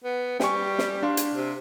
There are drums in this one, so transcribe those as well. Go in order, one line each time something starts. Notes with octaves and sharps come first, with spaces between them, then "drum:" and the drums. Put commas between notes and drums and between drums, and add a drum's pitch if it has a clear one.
B3
G3 G5 G#5 C#6, drum: snare
drum: snare
D4 F5 C6
drum: hi-hat
C3